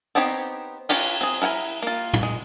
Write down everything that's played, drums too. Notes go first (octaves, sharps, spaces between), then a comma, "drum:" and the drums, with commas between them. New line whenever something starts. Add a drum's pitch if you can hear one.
B3 C4 D#4 G4 C#5
C#4 F4 G4 B4 C#5, drum: cymbal
C4 G#4, drum: hi-hat
E4 A#4 F#5 G#5 B5
A#3 F4
drum: tom
G#3